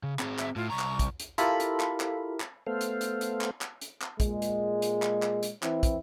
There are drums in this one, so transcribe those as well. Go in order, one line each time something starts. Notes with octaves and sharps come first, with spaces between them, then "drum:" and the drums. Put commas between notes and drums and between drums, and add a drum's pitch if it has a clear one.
C#3
C4 G#4, drum: clap
E5, drum: clap
A2 F4
C2 A#5 C#6
drum: clap
drum: kick, hi-hat
drum: hi-hat
E4 F4 G4 A4 A#4 B5, drum: hi-hat
drum: hi-hat
drum: clap
drum: clap
drum: clap
A3 B3 A4 C5 F5
drum: hi-hat
drum: hi-hat
drum: hi-hat
drum: clap
drum: clap
drum: hi-hat
drum: clap
A#2 G#3, drum: kick, hi-hat
drum: hi-hat
drum: hi-hat
drum: clap
drum: clap
drum: hi-hat
E3 C4 E4, drum: clap
drum: kick, hi-hat